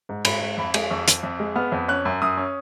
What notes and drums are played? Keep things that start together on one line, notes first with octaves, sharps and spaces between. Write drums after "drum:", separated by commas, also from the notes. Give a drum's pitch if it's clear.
G#2
G#2 B5, drum: cymbal
G#2
F2 B5
G#3, drum: cymbal
F2 C#6
F2, drum: hi-hat
F2
G#3
B3 F6
F2
C#4 F#6
F#2
F#2 D#6
C#4